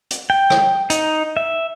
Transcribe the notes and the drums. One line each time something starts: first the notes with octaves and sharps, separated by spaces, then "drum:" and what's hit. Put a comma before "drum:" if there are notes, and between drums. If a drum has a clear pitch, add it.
drum: hi-hat
G5
drum: rim click
D#4, drum: hi-hat
E5